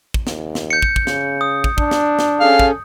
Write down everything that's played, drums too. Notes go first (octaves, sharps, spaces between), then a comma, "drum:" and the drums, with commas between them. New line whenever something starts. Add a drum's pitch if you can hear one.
drum: kick
D#2, drum: snare
drum: snare
G6 C#7
drum: kick
drum: kick
C#3, drum: snare
D#6
drum: kick
D4, drum: kick
drum: snare
drum: snare
C#4 G#4 A4 F5
drum: kick